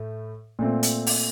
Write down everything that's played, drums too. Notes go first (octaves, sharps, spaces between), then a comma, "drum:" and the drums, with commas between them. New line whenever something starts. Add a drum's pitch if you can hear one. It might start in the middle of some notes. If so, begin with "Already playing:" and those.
Already playing: A2 A3
A#2 A3 C4
drum: hi-hat
drum: open hi-hat